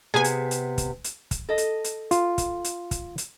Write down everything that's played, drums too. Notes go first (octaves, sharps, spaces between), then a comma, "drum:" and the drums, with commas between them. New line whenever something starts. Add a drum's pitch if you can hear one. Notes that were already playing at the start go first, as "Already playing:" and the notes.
C3 B3 G#4 G#5
drum: hi-hat
drum: hi-hat
drum: kick, hi-hat
drum: hi-hat
drum: kick, hi-hat
A4 D#5
drum: hi-hat
drum: hi-hat
F4, drum: hi-hat
drum: kick, hi-hat
drum: hi-hat
drum: kick, hi-hat
drum: hi-hat